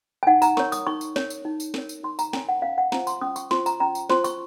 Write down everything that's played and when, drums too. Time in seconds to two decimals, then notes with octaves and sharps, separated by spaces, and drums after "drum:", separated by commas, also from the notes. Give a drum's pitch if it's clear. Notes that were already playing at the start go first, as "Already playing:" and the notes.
0.23 G#5
0.27 D#4 F#5
0.42 A#5, drum: tambourine
0.57 A#4 C#5 C#6, drum: snare
0.72 D#6, drum: tambourine
0.87 D#4 C#6
1.01 drum: tambourine
1.16 A#4 C#5, drum: snare
1.30 drum: tambourine
1.45 D#4
1.60 drum: tambourine
1.74 A#4 C#5, drum: snare
1.89 drum: tambourine
2.03 D#4 C6
2.19 A#5, drum: tambourine
2.33 A#4 C#5 G#5, drum: snare
2.49 F#5
2.62 C#4 F5
2.78 F#5
2.92 F4 C5 A#5, drum: snare
3.07 C6, drum: tambourine
3.22 C#4 D#6
3.36 C#6, drum: tambourine
3.51 F4 C5 C6, drum: snare
3.66 A#5, drum: tambourine
3.80 C#4 A#5
3.95 drum: tambourine
4.10 F4 C5 C6, drum: snare
4.24 C#6, drum: tambourine